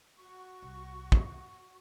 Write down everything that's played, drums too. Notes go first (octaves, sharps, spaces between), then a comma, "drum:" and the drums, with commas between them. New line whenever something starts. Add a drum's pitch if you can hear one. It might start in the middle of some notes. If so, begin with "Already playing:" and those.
F#4 C#6
C2
drum: kick